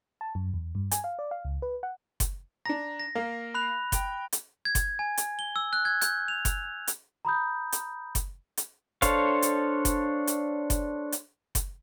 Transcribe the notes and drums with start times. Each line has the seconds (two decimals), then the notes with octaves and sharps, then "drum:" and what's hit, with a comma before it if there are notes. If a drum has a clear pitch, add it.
0.21 A5
0.35 F#2
0.54 E2
0.75 G2
0.91 G#5, drum: hi-hat
1.04 F5
1.19 D5
1.31 F5
1.45 C#2
1.62 B4
1.83 F#5
2.20 drum: kick F#1, hi-hat
2.65 D4 A#5 A#6
3.00 A#6
3.15 A#3 A#4 F5
3.54 B5 F#6 F7
3.92 G5, drum: kick F#1, hi-hat
4.32 drum: hi-hat
4.65 G#6
4.75 drum: kick F#1, hi-hat
4.99 G#5
5.17 drum: hi-hat
5.39 G7
5.56 E6
5.73 F#6
5.85 G#6
6.01 G6, drum: hi-hat
6.28 F7
6.45 drum: kick F#1, hi-hat
6.87 drum: hi-hat
7.25 A#5 B5 D#6 G6
7.72 drum: hi-hat
8.15 drum: kick F#1, hi-hat
8.57 drum: hi-hat
9.02 D4 A4 C5 C#5 F5, drum: kick F#1, hi-hat
9.42 drum: hi-hat
9.85 drum: kick F#1, hi-hat
10.27 drum: hi-hat
10.70 drum: kick F#1, hi-hat
11.12 drum: hi-hat
11.55 drum: kick F#1, hi-hat